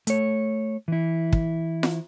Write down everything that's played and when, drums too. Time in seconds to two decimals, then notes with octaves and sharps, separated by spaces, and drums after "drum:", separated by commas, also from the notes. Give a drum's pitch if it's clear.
0.07 A3 C#5, drum: hi-hat
0.88 E3 E4
1.33 drum: kick
1.83 drum: snare F4